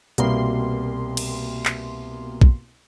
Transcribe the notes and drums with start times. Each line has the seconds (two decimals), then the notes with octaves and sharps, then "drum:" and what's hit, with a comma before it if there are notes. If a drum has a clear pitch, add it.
0.18 C2 B2 G3 A#3 C6, drum: hi-hat
1.17 drum: cymbal
1.65 drum: clap
2.41 drum: kick